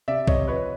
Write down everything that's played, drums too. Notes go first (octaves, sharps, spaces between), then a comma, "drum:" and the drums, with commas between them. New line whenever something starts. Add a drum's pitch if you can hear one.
C3 D5 E5
C3 C#5 D#5, drum: kick B1
F3 B4 C#5